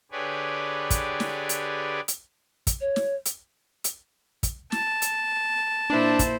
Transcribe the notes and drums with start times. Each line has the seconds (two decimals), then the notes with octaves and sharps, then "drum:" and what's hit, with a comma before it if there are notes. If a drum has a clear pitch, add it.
0.11 D3 G4 G#4 B4 C#5 D5
0.90 drum: kick, hi-hat
1.20 drum: snare
1.49 drum: hi-hat
2.08 drum: hi-hat
2.67 drum: kick, hi-hat
2.81 C#5
2.96 drum: snare
3.25 drum: hi-hat
3.84 drum: hi-hat
4.43 drum: kick, hi-hat
4.72 A5, drum: snare
5.02 drum: hi-hat
5.90 A#2 D4 E4 C5
6.19 drum: kick, hi-hat